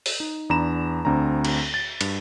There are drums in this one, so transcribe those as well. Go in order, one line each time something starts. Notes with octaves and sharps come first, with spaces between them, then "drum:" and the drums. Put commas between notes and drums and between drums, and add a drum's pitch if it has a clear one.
drum: open hi-hat
D#4
E2 D4 A#5 B5 E7
D2 C4 D4 A#5
drum: cymbal
A6
G2, drum: cymbal